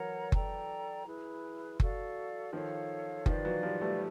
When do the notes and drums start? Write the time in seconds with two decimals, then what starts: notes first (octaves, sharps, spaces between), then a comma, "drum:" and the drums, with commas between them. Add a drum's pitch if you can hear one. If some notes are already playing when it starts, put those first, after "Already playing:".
Already playing: E3 F#3 A#4 C#5 F#5 A#5
0.32 A4 D5 G5 A#5, drum: kick F#1
1.06 E4 G#4 B4
1.80 F#4 A4 D5 F5, drum: kick F#1
2.53 D#3 F3 A4 C#5 F5
3.26 D#3 F3 B4 D5 F5, drum: kick F#1
3.45 E3 F#3
3.63 F3 G3
3.81 G3 A3